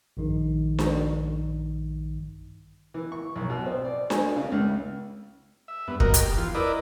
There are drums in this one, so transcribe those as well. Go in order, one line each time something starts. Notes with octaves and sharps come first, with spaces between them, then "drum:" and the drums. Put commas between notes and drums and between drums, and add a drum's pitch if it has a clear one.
A#1 G2 D#3 D#4
drum: snare D4
E3
C#6
B1
B2
C4
D5
G#5, drum: snare D4
C#3
C#2
E5
G2 B3
A#3 F#4 A#4 D#5, drum: kick
G4, drum: hi-hat
E2 F4
E4 A#4 B4 D5 D#5